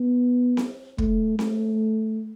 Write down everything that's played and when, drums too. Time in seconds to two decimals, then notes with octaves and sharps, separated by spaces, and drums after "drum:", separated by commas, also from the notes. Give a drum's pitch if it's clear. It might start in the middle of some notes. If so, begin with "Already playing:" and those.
Already playing: B3
0.57 drum: snare C4
0.98 A3, drum: kick
1.39 A3, drum: snare C4